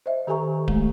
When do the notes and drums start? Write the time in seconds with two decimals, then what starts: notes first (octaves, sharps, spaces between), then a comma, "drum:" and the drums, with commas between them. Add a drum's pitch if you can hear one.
0.06 C5 D#5 E5
0.27 D#3 G4 A4 G#5 A#5 C#6
0.68 G#3 A3, drum: kick D1